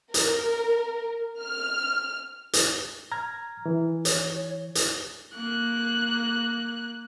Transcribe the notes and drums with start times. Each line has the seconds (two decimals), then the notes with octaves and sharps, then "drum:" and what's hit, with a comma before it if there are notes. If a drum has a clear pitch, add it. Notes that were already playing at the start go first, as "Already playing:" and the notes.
0.14 A#4, drum: hi-hat
1.40 F6
2.53 drum: hi-hat
3.12 A#5 F6 G#6
3.66 E3
4.05 C#5, drum: hi-hat
4.75 drum: hi-hat
5.35 A#3 F#6